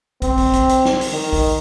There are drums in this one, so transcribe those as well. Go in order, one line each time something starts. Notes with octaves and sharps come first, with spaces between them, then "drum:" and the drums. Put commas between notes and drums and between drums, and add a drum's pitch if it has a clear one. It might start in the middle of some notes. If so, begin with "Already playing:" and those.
C4, drum: kick, hi-hat
drum: kick, open hi-hat
drum: kick, hi-hat
drum: hi-hat
drum: snare
drum: open hi-hat
D#3
drum: kick, open hi-hat